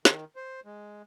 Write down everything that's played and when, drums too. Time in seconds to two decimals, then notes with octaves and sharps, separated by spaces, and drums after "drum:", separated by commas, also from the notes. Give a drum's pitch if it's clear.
0.05 D#3, drum: snare
0.36 C5
0.65 G#3